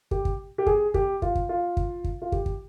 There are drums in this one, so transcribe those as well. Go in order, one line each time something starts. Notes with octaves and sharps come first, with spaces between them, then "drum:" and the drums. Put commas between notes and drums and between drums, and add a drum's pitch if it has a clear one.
G4, drum: kick
drum: kick
G4
G#4, drum: kick
G4, drum: kick
F4, drum: kick
drum: kick
F4
drum: kick
drum: kick
F4
G4, drum: kick
drum: kick